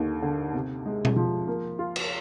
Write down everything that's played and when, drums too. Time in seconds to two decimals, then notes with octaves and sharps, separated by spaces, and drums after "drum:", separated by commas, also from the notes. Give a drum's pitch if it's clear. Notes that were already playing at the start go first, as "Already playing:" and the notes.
Already playing: D#2 D3
0.22 D3
0.54 C3
0.86 G#3
1.05 drum: tom B2
1.16 F3
1.48 A#3
1.79 F4
1.96 drum: cymbal